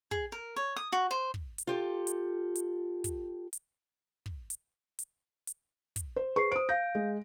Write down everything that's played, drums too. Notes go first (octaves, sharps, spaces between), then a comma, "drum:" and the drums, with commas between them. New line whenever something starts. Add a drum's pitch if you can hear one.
G#4, drum: kick
A#4
C#5
D#6
F#4
C5
drum: kick
drum: hi-hat
F4 G4 A4
drum: hi-hat
drum: hi-hat
drum: kick, hi-hat
drum: hi-hat
drum: kick
drum: hi-hat
drum: hi-hat
drum: hi-hat
drum: kick, hi-hat
C5
G#4 B4 C5 C#6 C7
C5 D#6 D7
F5 G6 A#6
G#3